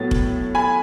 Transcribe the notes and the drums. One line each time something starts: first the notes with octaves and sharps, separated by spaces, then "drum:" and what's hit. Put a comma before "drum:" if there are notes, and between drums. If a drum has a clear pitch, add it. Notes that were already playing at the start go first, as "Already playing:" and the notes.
Already playing: A2 F#3 B3 A6
drum: kick F1
G#5 B5